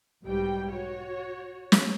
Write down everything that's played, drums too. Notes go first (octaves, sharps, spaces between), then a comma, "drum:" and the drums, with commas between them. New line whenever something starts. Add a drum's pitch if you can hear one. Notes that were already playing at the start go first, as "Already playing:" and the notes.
B1 G#2 B2 G3 G5
F#4 C#5
drum: snare